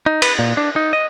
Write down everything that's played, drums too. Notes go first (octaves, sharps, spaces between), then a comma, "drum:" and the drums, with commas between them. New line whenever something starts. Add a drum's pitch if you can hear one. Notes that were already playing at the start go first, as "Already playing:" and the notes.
D#4
B4, drum: cymbal
A#2
D4
D#4
D#5